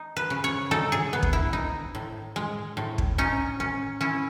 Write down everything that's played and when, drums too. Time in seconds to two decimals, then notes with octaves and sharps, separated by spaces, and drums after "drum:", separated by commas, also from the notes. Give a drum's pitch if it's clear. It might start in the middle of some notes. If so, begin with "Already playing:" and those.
Already playing: D#4
0.17 B4
0.30 C#3
0.44 C#5
0.71 D#4 A4
0.92 G#4
1.13 B3
1.23 drum: kick
1.33 E4
1.53 D#4
1.95 A2
2.36 G#3
2.77 A2
2.98 drum: kick
3.18 C#4 D#4
3.60 C#4
4.01 C#4 E4